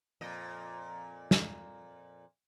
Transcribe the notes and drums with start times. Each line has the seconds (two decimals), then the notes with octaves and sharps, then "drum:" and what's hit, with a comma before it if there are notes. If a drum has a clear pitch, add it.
0.21 F2 A#2 D#5
1.31 drum: snare